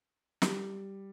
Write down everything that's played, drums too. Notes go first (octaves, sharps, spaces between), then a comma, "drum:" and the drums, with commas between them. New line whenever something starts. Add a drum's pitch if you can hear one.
G3, drum: snare